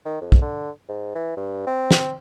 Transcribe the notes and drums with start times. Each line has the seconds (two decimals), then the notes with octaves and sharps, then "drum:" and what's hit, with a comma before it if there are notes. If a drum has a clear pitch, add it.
0.05 D#3
0.21 F2
0.32 drum: kick
0.42 D3
0.89 G#2
1.15 E3
1.37 G2
1.67 C4
1.91 drum: snare